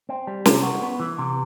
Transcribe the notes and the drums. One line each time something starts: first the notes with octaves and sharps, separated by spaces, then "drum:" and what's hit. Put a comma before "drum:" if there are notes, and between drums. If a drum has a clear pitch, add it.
C4
G3
C3, drum: snare
F#4
B3
E3
C3